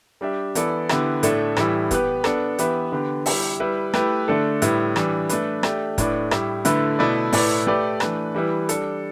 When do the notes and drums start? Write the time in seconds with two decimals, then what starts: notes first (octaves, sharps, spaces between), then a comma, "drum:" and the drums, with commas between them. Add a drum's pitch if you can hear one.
0.21 G3 D4 G4 E5
0.55 E3 B3 E4 A4 D5, drum: hi-hat
0.89 D3 B3 E4 G4, drum: rim click
1.23 A2 A3 D4 A4 E5, drum: hi-hat
1.57 A2 E3 G3 E4, drum: rim click
1.91 B3 G4 B4, drum: kick, hi-hat
2.24 B3 D4 A4, drum: rim click
2.58 E3 B3 G4 B4 E5, drum: hi-hat
2.92 D3 B3 G4
3.26 G3 E4 G4 E5, drum: open hi-hat
3.60 G3 E4 B4
3.94 A3 E4 G4 B4, drum: rim click
4.28 D3 A3 D4 A4
4.62 A2 G3 E4 B4, drum: hi-hat
4.96 E3 G3 D4, drum: rim click
5.29 A3 D4 B4, drum: hi-hat
5.63 A3 D4 G4, drum: rim click
5.98 A2 A3 D4 B4 D5, drum: kick, hi-hat
6.31 A2 G3 E4 G4, drum: rim click
6.65 D3 A3 E4 B4, drum: hi-hat
6.99 B2 A3 E4 B4 D5
7.33 A2 A3 E4 B4 D5, drum: open hi-hat
7.67 A3 G4 B4 D5
8.00 E3 A3 D4 B4, drum: rim click
8.34 E3 G3 E4 B4
8.69 G3 D4 A4, drum: hi-hat